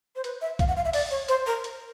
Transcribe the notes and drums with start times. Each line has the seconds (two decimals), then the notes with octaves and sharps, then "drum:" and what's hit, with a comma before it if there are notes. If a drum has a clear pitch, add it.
0.16 C5
0.24 B4, drum: hi-hat
0.41 E5
0.59 F5, drum: kick B1, hi-hat
0.68 F#5
0.76 F5
0.85 E5
0.93 D5, drum: open hi-hat
1.11 C#5
1.28 C5, drum: hi-hat
1.47 A#4
1.64 drum: hi-hat